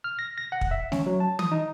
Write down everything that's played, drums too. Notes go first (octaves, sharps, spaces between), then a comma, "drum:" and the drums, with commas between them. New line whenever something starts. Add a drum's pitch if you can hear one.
F6
A#6
A#6
F#5
drum: kick
E5
C#4, drum: snare A3
F#3
A5
D#6, drum: tom
D#4